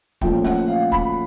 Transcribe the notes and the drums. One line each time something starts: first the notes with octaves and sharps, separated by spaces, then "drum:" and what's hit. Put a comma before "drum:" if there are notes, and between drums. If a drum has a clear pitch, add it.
A#2 F3 A3 C#4 G5, drum: kick
F#5, drum: snare
F5
B5, drum: kick